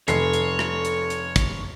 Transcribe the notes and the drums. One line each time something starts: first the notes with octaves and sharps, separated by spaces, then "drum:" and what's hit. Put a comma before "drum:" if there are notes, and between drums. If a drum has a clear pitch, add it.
F1 A4 C#5 C7, drum: hi-hat
drum: hi-hat
drum: rim click
drum: hi-hat
drum: hi-hat
drum: kick, hi-hat